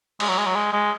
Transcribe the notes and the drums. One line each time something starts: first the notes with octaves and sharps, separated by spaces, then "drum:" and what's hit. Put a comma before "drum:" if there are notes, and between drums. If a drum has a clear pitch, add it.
G#3, drum: cymbal
F#3
G#3
F#3
G#3
G#3